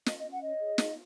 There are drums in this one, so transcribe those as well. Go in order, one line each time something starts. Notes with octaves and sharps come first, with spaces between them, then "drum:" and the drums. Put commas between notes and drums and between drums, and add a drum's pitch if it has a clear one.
C#4 D#5, drum: snare
D#5
C#4
F#5
C#5 D#5
G#4
D#4, drum: snare